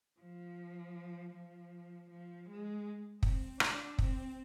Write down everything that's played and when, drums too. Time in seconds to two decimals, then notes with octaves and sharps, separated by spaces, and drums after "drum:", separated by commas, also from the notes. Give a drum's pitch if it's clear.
0.21 F3
1.34 F3
2.10 F3
2.48 G#3
3.23 C4, drum: kick
3.60 D4, drum: rim click
3.99 C4, drum: kick